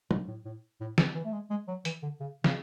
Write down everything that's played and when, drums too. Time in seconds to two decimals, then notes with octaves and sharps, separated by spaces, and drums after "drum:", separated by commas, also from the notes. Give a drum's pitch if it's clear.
0.11 B2, drum: tom F#3
0.28 A2
0.45 A2
0.81 A2
0.98 E3, drum: snare
1.15 E3
1.25 A3
1.33 G#3
1.50 G#3
1.68 F#3
1.85 E3, drum: hi-hat
2.03 D3
2.20 C#3
2.44 C#3, drum: snare